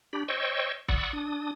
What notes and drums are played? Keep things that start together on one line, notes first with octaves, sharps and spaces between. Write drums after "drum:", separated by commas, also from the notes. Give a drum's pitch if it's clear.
D4 G4 B5
C5 C#5 D#5 G5 C#6 E6
D5 F#5 B5 C#6 D#6 E6, drum: kick
D4 D#6